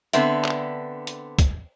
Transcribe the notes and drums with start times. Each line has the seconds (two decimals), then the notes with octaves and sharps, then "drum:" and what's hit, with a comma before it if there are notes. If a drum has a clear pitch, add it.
0.13 D3 B3 C4 E5, drum: hi-hat
0.45 drum: clap
1.07 drum: hi-hat
1.39 drum: kick, hi-hat